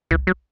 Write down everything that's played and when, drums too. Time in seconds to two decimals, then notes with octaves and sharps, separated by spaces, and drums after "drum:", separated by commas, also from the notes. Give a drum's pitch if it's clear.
0.11 E3, drum: kick
0.27 F#3